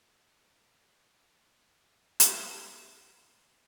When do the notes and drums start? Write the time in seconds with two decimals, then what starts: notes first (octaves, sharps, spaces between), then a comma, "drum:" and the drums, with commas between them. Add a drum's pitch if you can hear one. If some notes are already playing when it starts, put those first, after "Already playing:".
Already playing: D#3
0.24 B2
0.72 A2
1.67 C#3
2.20 drum: hi-hat
2.61 D#3
3.08 D#3